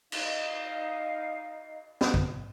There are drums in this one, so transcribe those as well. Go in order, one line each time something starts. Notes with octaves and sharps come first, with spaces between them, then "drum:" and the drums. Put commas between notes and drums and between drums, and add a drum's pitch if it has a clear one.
D#4 D#5 F5, drum: cymbal
drum: snare
drum: kick